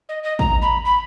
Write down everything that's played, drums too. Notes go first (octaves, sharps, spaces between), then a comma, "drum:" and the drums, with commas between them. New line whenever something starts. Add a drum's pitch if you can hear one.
D#5
D#5
A#5, drum: kick
B5
B5